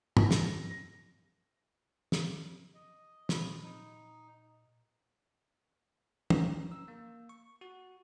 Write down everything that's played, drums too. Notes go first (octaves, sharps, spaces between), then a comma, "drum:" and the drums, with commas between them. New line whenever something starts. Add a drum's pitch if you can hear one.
A#6, drum: tom G2
drum: snare
drum: snare
D#5
A#2 B5, drum: snare
D#4
A#5, drum: tom
E6
A#3
C#6
F#4